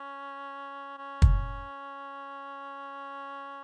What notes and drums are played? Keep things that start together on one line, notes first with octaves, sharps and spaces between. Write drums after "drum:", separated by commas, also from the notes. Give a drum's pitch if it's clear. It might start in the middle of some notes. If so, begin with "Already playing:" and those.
Already playing: C#4
C#4
drum: kick